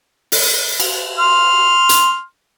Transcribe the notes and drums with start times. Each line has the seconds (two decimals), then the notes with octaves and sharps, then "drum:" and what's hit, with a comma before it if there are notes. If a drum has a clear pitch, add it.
0.32 drum: open hi-hat
0.80 drum: cymbal
1.19 C6 F6
1.89 drum: hi-hat